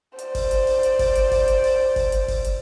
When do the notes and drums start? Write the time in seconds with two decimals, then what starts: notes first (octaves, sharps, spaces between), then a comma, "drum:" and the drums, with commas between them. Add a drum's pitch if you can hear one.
0.19 C5 D5, drum: hi-hat
0.35 drum: kick, open hi-hat
0.51 drum: hi-hat
0.67 drum: open hi-hat
0.83 drum: hi-hat
0.99 drum: kick, open hi-hat
1.15 drum: hi-hat
1.31 drum: kick, open hi-hat
1.48 drum: hi-hat
1.64 drum: open hi-hat
1.96 drum: kick, open hi-hat
2.12 drum: hi-hat
2.28 drum: kick, open hi-hat
2.44 drum: hi-hat